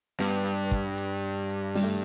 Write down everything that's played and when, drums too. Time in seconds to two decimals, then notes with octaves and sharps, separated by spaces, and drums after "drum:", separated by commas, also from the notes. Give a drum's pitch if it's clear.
0.19 G2 B3, drum: hi-hat
0.45 drum: hi-hat
0.71 drum: kick, hi-hat
0.97 drum: hi-hat
1.49 drum: hi-hat
1.75 G3, drum: open hi-hat
1.84 A3